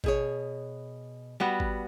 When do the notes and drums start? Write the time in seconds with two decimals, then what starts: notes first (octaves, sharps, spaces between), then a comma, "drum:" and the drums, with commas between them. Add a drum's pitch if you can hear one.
0.04 B2 G#4 C#5, drum: kick G#1
1.40 G3 B3 F#4
1.60 drum: kick G#1